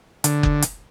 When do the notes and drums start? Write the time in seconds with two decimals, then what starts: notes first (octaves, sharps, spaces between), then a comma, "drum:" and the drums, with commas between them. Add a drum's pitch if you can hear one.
0.24 D3, drum: hi-hat
0.43 drum: kick F#1
0.62 drum: hi-hat